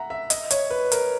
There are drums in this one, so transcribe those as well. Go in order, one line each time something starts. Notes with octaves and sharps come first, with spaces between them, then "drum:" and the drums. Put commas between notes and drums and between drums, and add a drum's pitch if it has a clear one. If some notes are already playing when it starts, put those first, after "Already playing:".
Already playing: E5 F#5 A#5
E5
D#5, drum: hi-hat
C#5, drum: hi-hat
B4
A#4, drum: hi-hat